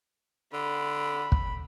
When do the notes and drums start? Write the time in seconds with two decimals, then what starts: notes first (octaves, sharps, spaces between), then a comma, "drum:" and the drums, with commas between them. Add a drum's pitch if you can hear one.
0.53 D3 B5
1.32 drum: kick